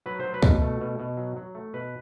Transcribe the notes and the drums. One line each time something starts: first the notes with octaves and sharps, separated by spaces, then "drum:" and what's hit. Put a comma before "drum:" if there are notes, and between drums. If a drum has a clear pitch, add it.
F#3 B4
F#3 C5
B4
B2, drum: kick C#2
A3
B2
B2
F#3
F#3
A3
B2 B4